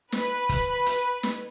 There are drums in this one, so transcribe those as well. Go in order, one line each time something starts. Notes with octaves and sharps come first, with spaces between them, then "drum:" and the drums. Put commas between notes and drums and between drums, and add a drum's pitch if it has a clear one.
B4, drum: snare
drum: kick, hi-hat
drum: hi-hat
drum: snare